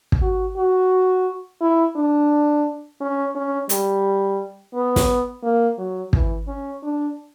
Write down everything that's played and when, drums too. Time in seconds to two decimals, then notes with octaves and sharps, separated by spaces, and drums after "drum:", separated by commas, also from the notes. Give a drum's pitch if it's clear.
0.12 drum: kick
0.22 F#4
0.57 F#4
1.61 E4
1.96 D4
3.00 C#4
3.35 C#4
3.69 G3, drum: hi-hat
4.74 B3
4.96 drum: snare
5.44 A#3
5.78 F#3
6.13 E3, drum: kick
6.47 C#4
6.83 D4